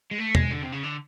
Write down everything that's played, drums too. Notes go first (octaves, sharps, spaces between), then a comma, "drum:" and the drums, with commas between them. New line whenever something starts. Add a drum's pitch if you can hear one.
G#3
A3
G#3, drum: tom
D3
C3
C#3
D3